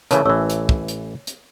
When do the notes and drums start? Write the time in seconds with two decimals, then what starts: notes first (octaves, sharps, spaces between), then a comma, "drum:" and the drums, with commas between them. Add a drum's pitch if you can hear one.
0.11 C#3 E3 A3 A#4 C#5 A5, drum: hi-hat
0.26 A1 E3 C#5 C#6 E6
0.50 drum: hi-hat
0.69 drum: kick
0.88 drum: hi-hat
1.27 drum: hi-hat